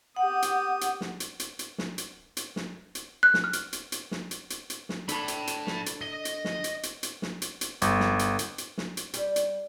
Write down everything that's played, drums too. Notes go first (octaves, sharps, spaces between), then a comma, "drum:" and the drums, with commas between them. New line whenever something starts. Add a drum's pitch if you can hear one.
G4 F#5 D#6
drum: hi-hat
drum: hi-hat
drum: snare
drum: hi-hat
drum: hi-hat
drum: hi-hat
drum: snare
drum: hi-hat
drum: hi-hat
drum: snare
drum: hi-hat
F#6
drum: snare
F6
drum: hi-hat
drum: hi-hat
drum: hi-hat
drum: snare
drum: hi-hat
drum: hi-hat
drum: hi-hat
drum: snare
D3 A5 B5, drum: hi-hat
drum: hi-hat
drum: hi-hat
drum: snare
drum: hi-hat
D#5
drum: hi-hat
drum: snare
drum: hi-hat
drum: hi-hat
drum: hi-hat
drum: snare
drum: hi-hat
drum: hi-hat
G1, drum: hi-hat
drum: snare
drum: hi-hat
drum: hi-hat
drum: hi-hat
drum: snare
drum: hi-hat
G3, drum: hi-hat
drum: hi-hat